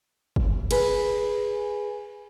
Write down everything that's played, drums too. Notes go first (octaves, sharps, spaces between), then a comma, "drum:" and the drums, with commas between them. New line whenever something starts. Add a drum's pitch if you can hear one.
drum: kick
G#4 B4, drum: cymbal